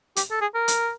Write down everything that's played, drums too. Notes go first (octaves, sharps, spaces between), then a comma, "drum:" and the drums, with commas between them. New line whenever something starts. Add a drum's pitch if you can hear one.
G4, drum: hi-hat
A4
G#4
A#4
drum: hi-hat